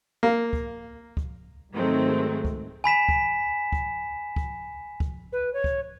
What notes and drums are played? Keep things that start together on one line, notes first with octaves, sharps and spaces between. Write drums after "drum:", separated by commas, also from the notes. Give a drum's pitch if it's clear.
A#3
drum: kick
drum: kick
G#2 D#3 F#3 G#3 A3 C4
drum: kick
G#5 B5 B6 E7
drum: kick
drum: kick
drum: kick
drum: kick
B4
C#5
drum: kick